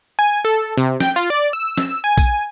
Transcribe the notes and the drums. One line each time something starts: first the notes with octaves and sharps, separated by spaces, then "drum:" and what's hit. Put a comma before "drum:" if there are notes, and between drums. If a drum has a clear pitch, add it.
G#5
A4
C3, drum: tambourine
G5, drum: snare
F4, drum: tambourine
D5
E6
drum: snare
G#5
drum: kick A#1, tambourine